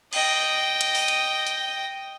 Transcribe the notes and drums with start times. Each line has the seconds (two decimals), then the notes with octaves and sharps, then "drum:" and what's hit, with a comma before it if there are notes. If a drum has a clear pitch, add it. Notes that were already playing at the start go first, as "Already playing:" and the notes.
0.13 D#5 G5, drum: cymbal
0.81 drum: cymbal
0.95 drum: open hi-hat
1.08 drum: cymbal
1.47 drum: hi-hat